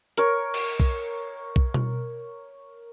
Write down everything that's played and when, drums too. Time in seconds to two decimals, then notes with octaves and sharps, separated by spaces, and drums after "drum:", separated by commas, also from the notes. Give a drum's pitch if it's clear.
0.17 A#4 C#5, drum: hi-hat
0.54 drum: cymbal
0.80 drum: kick
1.56 drum: kick
1.74 drum: tom B2